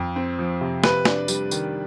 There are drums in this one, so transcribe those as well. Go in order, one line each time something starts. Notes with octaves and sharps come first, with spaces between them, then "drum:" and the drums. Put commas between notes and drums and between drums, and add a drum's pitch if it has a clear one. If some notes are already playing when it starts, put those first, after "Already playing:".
Already playing: F2
C4
F3
C3
C3 B4, drum: snare
D4, drum: snare
G3, drum: tambourine
D#3, drum: tambourine